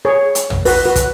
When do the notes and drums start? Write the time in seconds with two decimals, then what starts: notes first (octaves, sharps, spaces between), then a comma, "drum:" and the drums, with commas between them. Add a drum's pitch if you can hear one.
0.05 G#4 C#5
0.35 drum: hi-hat
0.50 drum: tom
0.65 F#4 B4, drum: open hi-hat
0.85 F#4 B4
0.96 drum: kick, hi-hat